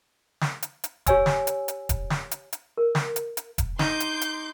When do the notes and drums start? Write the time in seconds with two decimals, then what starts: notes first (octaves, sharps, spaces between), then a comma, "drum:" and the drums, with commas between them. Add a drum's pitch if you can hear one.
0.41 drum: snare
0.62 drum: hi-hat
0.84 drum: hi-hat
1.06 G4 C#5 G#5 E6, drum: kick E1, hi-hat
1.26 drum: snare
1.47 drum: hi-hat
1.68 drum: hi-hat
1.89 drum: kick E1, hi-hat
2.10 drum: snare
2.31 drum: hi-hat
2.53 drum: hi-hat
2.77 A#4
2.95 drum: snare
3.16 drum: hi-hat
3.37 drum: hi-hat
3.58 drum: kick E1, hi-hat
3.79 D#4 C6 D6 G6, drum: snare
4.00 drum: hi-hat
4.21 drum: hi-hat